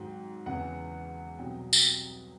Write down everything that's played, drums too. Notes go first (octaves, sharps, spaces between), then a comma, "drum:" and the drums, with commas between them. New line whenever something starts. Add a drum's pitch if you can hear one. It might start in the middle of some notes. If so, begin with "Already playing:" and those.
Already playing: G#2 D#3 F#3 G5
E2 C#3 E3 F#5
C2 B2 F#3 G5
drum: tambourine